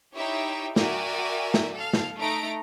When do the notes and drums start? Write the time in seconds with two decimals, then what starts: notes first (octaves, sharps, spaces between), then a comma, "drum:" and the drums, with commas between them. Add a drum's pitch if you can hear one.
0.16 D#4 E4 G4 C#5 E5 G5
0.76 F#4 A#4 D5 E5 G5 G#5, drum: snare
1.54 drum: snare
1.74 A4 F5
1.93 drum: snare
2.19 A3 D#4 A#5 D7